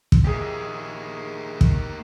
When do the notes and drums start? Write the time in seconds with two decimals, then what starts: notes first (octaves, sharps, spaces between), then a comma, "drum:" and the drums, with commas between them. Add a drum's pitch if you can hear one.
0.12 drum: kick
0.24 A#1 A#3 G4 G#4
1.61 drum: kick